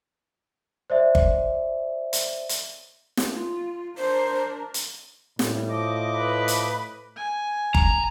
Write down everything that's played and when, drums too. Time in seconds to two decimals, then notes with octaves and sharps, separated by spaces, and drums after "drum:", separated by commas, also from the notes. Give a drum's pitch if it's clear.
0.90 C5 D5 E5
1.15 drum: kick G1
2.13 drum: hi-hat
2.49 drum: hi-hat
3.17 drum: snare
3.30 F4
3.97 D4 A#4 C5
4.74 drum: hi-hat
5.39 A2 G3, drum: snare
5.69 F3 D#5 D6
6.17 B4
6.48 drum: hi-hat
7.16 G#5
7.74 A#5, drum: kick G1